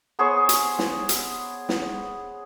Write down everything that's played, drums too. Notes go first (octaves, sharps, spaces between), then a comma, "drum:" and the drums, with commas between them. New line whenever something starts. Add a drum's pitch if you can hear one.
B3 G#4 C5 C#5
drum: hi-hat
drum: snare
drum: hi-hat
drum: snare